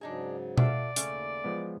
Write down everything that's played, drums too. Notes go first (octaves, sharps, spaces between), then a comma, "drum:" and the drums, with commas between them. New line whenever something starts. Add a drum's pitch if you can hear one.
G#2 C#3 F#3 D4 D#4 G#4
F4 A4 D5 E5 F#5, drum: tom B2
D#2 C#3 A3, drum: hi-hat
E3 F3 G#3 B3